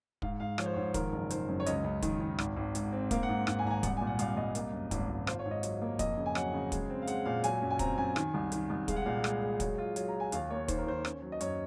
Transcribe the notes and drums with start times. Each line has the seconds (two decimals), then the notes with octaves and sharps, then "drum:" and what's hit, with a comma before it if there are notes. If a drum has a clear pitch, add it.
0.22 G#2 F5, drum: kick
0.40 G#2 F5
0.58 F3 C#5, drum: rim click
0.66 C5
0.73 C#5
0.76 G#2
0.94 D#3 A#4, drum: kick, hi-hat
1.12 F#1
1.30 D#3 C5, drum: hi-hat
1.48 F#2
1.60 C#5
1.66 C#2 D#5, drum: hi-hat
1.84 C#2
2.02 D#3, drum: kick, hi-hat
2.20 D#3
2.39 G#1, drum: rim click
2.57 G#1
2.75 G#2, drum: hi-hat
2.93 C4
3.11 A#3 F5, drum: kick, hi-hat
3.23 F#5
3.29 G#2
3.47 G#2 F#5, drum: rim click
3.59 G#5
3.65 G#1 A#5
3.71 G#5
3.83 C2 F#5, drum: kick, hi-hat
3.97 A#2 G#5
4.07 F#5
4.19 C2 F5, drum: hi-hat
4.36 C2 D#5
4.55 A#3, drum: hi-hat
4.73 F#2
4.91 G#1, drum: kick, hi-hat
5.09 G#1
5.27 F4 C5, drum: rim click
5.39 C#5
5.46 G#2
5.51 D#5
5.63 F#3, drum: hi-hat
5.81 A#3
5.99 F2 D#5, drum: kick, hi-hat
6.18 C#3
6.26 G#5
6.35 F#3 F#5, drum: rim click
6.53 C#3
6.72 G#3, drum: kick, hi-hat
6.90 C4
7.02 F5
7.07 G#3 F#5, drum: hi-hat
7.25 A#2 F5
7.44 F#3 G#5, drum: hi-hat
7.62 F#2
7.70 G#5
7.79 C4 A#5, drum: kick, hi-hat
7.98 F#2 G#5
8.16 D#3, drum: rim click
8.34 C2
8.52 D#3, drum: hi-hat
8.70 C2
8.88 G#3 F5, drum: kick, hi-hat
8.96 F#5
9.06 A#2 F5
9.24 G#3, drum: rim click
9.42 G#3
9.60 F#3, drum: kick, hi-hat
9.78 F4
9.96 F#3, drum: hi-hat
10.08 A#5
10.14 F4
10.20 G#5
10.32 D#2 F5, drum: hi-hat
10.50 A#3 C#5
10.68 D#3 C5, drum: kick, hi-hat
10.78 A#4
10.87 D#3 C5
11.05 C#4, drum: rim click
11.22 F#3
11.32 D#5
11.41 F#2 C#5, drum: hi-hat